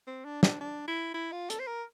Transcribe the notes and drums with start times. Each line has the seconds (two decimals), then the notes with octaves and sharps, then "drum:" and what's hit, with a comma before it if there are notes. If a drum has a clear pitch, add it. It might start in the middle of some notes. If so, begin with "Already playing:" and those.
0.07 C4
0.25 D4
0.43 D4, drum: snare
0.61 D4
0.88 E4
1.14 E4
1.32 F4
1.50 A4, drum: hi-hat
1.60 C5
1.67 A#4